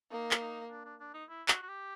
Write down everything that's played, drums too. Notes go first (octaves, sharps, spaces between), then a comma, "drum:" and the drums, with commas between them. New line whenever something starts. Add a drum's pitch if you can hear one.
A#3 D#4
drum: clap
D#4
D4
D4
D4
D#4
E4
F#4, drum: clap
F#4
G4